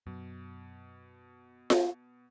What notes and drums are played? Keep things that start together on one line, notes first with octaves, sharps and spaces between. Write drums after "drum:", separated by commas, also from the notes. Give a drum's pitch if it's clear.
F#2 B2 F#3
drum: snare F4